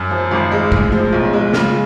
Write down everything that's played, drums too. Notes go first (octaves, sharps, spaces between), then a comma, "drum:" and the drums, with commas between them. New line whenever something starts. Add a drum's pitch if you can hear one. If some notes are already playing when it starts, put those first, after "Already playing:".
Already playing: F#2
F3
G#1
G#3
A2, drum: kick
F3
B1
G#3
C#3, drum: snare